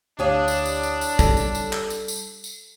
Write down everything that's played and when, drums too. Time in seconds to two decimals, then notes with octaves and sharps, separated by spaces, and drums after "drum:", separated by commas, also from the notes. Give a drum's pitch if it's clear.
0.19 D2 D4 E4 G4 C#5 F5 D#6
0.48 drum: tambourine
0.66 drum: tambourine
0.83 drum: tambourine
1.01 drum: tambourine
1.19 G3 A4, drum: kick, tambourine
1.37 drum: tambourine
1.55 drum: tambourine
1.73 drum: clap
1.90 drum: tambourine
2.08 drum: tambourine
2.44 drum: tambourine